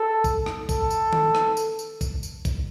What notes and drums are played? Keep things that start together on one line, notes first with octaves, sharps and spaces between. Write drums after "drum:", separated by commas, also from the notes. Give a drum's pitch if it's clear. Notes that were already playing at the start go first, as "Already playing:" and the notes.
Already playing: A4
drum: kick A#1, tambourine
drum: rim click
A4, drum: kick A#1, tambourine
drum: tambourine
drum: tom D#3
drum: rim click
drum: tambourine
drum: tambourine
drum: kick A#1, tambourine
drum: tambourine
drum: kick A#1, tambourine